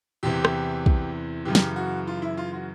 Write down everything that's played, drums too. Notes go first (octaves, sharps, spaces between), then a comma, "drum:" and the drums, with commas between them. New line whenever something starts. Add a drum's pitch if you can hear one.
E2 C3 E3 G4
drum: rim click
drum: kick
F#2 C#3 E3 G4
drum: snare
F#4
F4
E4
F4
F#4